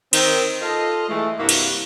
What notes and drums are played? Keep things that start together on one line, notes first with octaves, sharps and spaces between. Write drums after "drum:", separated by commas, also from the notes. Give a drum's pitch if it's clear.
D#3 C4, drum: cymbal
F4 A4 D#5
E3 G#3 A3
G2 C3 A#3 E4 F#4
drum: cymbal